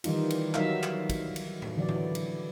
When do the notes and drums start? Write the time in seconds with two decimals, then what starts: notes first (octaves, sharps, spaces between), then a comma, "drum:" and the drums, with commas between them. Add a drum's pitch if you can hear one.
0.04 D#3 E3 G3 D#4 F4, drum: cymbal
0.30 drum: cymbal
0.54 F#3 D#4 A#4 E5 F5, drum: clap
0.83 drum: clap
1.10 drum: kick, cymbal
1.36 drum: cymbal
1.62 drum: tom A2
1.77 D3 E3 F#3 D5
1.89 drum: tom A2
2.15 drum: cymbal